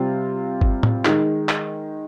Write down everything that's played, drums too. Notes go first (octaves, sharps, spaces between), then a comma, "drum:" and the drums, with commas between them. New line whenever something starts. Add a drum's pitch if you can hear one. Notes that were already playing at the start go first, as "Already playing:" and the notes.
Already playing: C3 G3 C4 F4
drum: kick G1
drum: tom
D#3 G#3 D#4, drum: clap
drum: clap